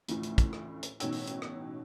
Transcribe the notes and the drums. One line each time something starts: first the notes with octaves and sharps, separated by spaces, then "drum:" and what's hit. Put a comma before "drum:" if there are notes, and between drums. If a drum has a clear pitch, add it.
A1 D2 A2 F3, drum: hi-hat
drum: hi-hat
drum: kick, hi-hat
drum: rim click
drum: hi-hat
A1 B2 D#4 C#5 G5 E6, drum: hi-hat
drum: open hi-hat
drum: hi-hat
drum: rim click